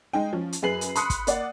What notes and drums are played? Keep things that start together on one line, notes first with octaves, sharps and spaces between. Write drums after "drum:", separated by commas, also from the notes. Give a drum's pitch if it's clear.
G#3 D#4 G5
F3 C#4
drum: hi-hat
F#2 G#4 B4 C7 F#7
drum: hi-hat
B5 C6 D#6 F#6 C#7, drum: hi-hat
drum: kick, hi-hat
A#3 D5 F#5, drum: hi-hat